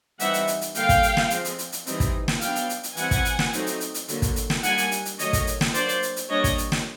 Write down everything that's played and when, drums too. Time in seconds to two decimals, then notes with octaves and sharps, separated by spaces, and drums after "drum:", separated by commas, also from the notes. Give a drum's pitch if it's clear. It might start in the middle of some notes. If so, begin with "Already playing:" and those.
0.20 E3 G3 C4 D#4 E5 F#5, drum: hi-hat
0.34 drum: hi-hat
0.47 drum: hi-hat
0.61 drum: hi-hat
0.75 D3 G3 A#3 F5 G5, drum: hi-hat
0.89 drum: kick, hi-hat
1.03 drum: hi-hat
1.17 drum: snare
1.30 F3 G#3 C4, drum: hi-hat
1.45 drum: hi-hat
1.58 drum: hi-hat
1.72 drum: hi-hat
1.87 E3 G3 C4 D#4, drum: hi-hat
2.00 drum: kick, hi-hat
2.28 drum: snare
2.41 F#3 B3 D4 F5 G5, drum: hi-hat
2.56 drum: hi-hat
2.69 drum: hi-hat
2.83 drum: hi-hat
2.97 E3 G3 C4 F#5 G#5, drum: hi-hat
3.11 drum: kick, hi-hat
3.25 drum: hi-hat
3.39 drum: snare
3.53 F#3 A3 C4 D#4, drum: hi-hat
3.67 drum: hi-hat
3.80 drum: hi-hat
3.94 drum: hi-hat
4.08 D3 F#3 A#3, drum: hi-hat
4.22 drum: kick, hi-hat
4.36 drum: hi-hat
4.50 drum: snare
4.63 D#3 G3 A#3 D4 F#5 G#5, drum: hi-hat
4.78 drum: hi-hat
4.91 drum: hi-hat
5.05 drum: hi-hat
5.19 D#3 F#3 A3 C#5 D#5, drum: hi-hat
5.33 drum: kick, hi-hat
5.47 drum: hi-hat
5.61 drum: snare
5.74 F#3 A#3 D4 C5 D5, drum: hi-hat
5.89 drum: hi-hat
6.02 drum: hi-hat
6.16 drum: hi-hat
6.30 G3 A#3 D4 C#5 D#5
6.44 drum: kick, hi-hat
6.58 drum: hi-hat
6.72 drum: snare